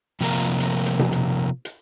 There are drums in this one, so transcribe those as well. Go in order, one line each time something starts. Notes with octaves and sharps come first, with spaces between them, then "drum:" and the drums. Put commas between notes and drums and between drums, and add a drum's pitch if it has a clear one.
C3 F3 A#3 F4 A#4
drum: hi-hat
drum: hi-hat
drum: tom B2
drum: hi-hat
drum: hi-hat